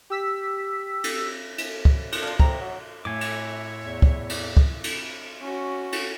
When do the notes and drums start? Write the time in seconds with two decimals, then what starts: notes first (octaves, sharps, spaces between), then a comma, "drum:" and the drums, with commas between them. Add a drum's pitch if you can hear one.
0.10 G4 E6 B6
1.04 drum: cymbal
1.58 drum: cymbal
1.85 drum: kick
2.12 drum: cymbal
2.23 D4 F4 F5
2.40 C4 A#5, drum: kick
2.61 F#3
3.05 A2 C#5 E5 G#5 D6
3.21 drum: cymbal
3.83 E2
4.02 drum: kick
4.30 drum: cymbal
4.57 drum: kick
4.84 drum: cymbal
5.42 C#4 F#4
5.92 drum: cymbal